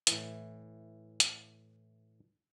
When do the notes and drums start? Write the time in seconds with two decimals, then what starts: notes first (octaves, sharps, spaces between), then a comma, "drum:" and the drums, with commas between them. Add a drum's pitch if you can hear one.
0.07 A2 E3, drum: hi-hat
1.20 drum: hi-hat